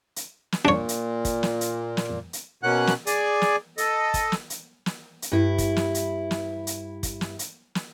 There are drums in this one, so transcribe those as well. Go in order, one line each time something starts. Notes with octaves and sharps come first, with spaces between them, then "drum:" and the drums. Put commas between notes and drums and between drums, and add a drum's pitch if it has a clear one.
drum: hi-hat
drum: snare
A#2 D4 C#5
drum: hi-hat
drum: kick, hi-hat
drum: snare
drum: hi-hat
drum: snare
drum: hi-hat
B2 A#3 C#4 F#5 F#6
drum: snare
G#4 D5 G#5, drum: hi-hat
drum: snare
A4 D#5, drum: hi-hat
drum: kick, hi-hat
drum: snare
drum: hi-hat
drum: snare
drum: hi-hat
G2 E4
drum: kick, hi-hat
drum: snare
drum: hi-hat
drum: snare
drum: hi-hat
drum: kick, hi-hat
drum: snare
drum: hi-hat
drum: snare